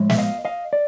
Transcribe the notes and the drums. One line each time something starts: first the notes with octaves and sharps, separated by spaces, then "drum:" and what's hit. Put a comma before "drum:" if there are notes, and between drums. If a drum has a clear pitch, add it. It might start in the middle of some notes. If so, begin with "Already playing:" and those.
Already playing: A2 F3 G#3
E5, drum: snare
D#5 F5
D#5 F5
D5